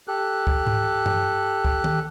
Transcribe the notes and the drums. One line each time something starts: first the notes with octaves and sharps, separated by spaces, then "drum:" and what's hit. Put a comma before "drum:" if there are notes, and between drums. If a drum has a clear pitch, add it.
G4 A4 F#6
drum: kick C#2
drum: tom G#2
drum: tom G2
drum: kick C#2
drum: tom D#3